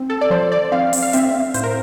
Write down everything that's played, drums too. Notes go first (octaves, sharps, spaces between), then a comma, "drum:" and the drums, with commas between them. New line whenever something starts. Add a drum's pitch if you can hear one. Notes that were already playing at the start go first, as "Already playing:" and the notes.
Already playing: C4
A4
D5
F3 C5
D5
C4 F5
drum: open hi-hat
F5
C4 E5, drum: hi-hat
A2 C5, drum: hi-hat
A#4